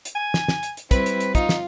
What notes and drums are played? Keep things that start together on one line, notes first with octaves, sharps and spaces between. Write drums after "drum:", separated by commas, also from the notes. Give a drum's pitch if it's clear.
drum: hi-hat
G#5
drum: snare
drum: snare
drum: hi-hat
drum: hi-hat
G3 C4 E4 B4, drum: kick, hi-hat
drum: hi-hat
drum: hi-hat
D#4 F4, drum: kick, hi-hat
drum: snare